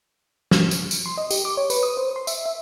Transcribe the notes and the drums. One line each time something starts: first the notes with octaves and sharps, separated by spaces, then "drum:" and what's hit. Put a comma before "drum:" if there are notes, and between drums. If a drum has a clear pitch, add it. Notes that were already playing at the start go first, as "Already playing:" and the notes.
drum: snare
drum: tambourine
drum: tambourine
C6
D#5
G4, drum: tambourine
D6
C#5
B4, drum: tambourine
D#6
C5
C6
E5, drum: tambourine
E5